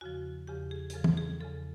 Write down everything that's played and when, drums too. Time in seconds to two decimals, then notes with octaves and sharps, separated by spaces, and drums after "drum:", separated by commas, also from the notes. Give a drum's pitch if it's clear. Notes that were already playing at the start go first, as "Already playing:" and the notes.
0.01 E2 C#3 F3 F#4
0.47 E2 C#3 F3 G4
0.71 G#4
0.90 G#4, drum: hi-hat
0.94 E2 C#3 F3 A4
1.04 drum: tom
1.17 G#4
1.40 E2 C#3 F3 A4